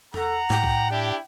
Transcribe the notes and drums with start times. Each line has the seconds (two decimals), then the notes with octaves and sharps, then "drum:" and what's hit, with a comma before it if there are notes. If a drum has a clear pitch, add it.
0.14 A4 F#5 A#5, drum: tom E2
0.50 A2 G5, drum: snare
0.64 drum: kick B1
0.91 D4 E4 G4